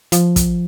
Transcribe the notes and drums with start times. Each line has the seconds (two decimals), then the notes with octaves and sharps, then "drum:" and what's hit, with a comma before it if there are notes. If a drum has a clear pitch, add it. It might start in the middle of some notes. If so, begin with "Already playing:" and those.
0.12 F3, drum: hi-hat
0.36 drum: kick, hi-hat